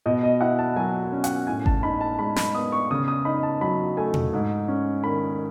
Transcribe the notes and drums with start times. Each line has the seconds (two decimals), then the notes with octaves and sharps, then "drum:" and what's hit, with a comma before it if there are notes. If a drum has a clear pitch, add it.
0.06 B2 D#5
0.23 D#5
0.41 E4 F#5
0.59 A5
0.76 F#3 G#5
1.12 C#4
1.24 F#5, drum: hi-hat
1.47 A2 G#5
1.66 A5, drum: kick G#1
1.83 D#4 B5
2.01 A5
2.19 G#3 B5
2.36 B5, drum: snare
2.55 B3 D#6
2.72 C#6
2.91 C#3 D#6
3.08 D#6
3.25 D#4 B5
3.43 A5
3.61 F#3 B5
3.97 A3 G#5
4.14 drum: tom B2
4.33 G#2
4.68 C#4
5.04 D#3 B5